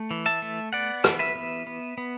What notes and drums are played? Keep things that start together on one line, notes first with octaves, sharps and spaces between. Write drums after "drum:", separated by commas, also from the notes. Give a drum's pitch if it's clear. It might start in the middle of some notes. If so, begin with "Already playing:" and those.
Already playing: A3
E3
E5 A5
A3
B3 D5 F#5
E3, drum: rim click
B4 E5
B3
B3
B3